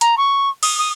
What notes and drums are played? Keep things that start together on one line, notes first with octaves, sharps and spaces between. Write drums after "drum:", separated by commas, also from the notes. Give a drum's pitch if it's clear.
A#5, drum: hi-hat
C#6
D#6, drum: cymbal
D#6